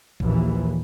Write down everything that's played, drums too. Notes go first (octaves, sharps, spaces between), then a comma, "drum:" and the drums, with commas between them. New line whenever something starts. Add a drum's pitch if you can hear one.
A#1 D#2 E3, drum: kick A#1